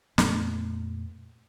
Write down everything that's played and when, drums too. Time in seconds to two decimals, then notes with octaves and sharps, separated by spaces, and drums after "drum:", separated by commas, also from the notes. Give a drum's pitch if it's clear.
0.18 F2 A#2 A3 B3, drum: snare